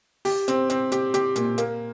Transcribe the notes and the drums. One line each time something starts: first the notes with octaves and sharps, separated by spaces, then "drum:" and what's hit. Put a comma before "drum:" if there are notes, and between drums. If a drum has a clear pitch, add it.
G4, drum: open hi-hat
C4, drum: hi-hat
C4, drum: hi-hat
G4, drum: hi-hat
G4, drum: hi-hat
A#2, drum: hi-hat
A#3, drum: hi-hat